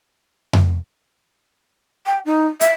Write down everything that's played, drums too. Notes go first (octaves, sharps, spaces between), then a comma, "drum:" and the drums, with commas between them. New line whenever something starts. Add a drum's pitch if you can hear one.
drum: tom F2
G5
D#4
E5, drum: hi-hat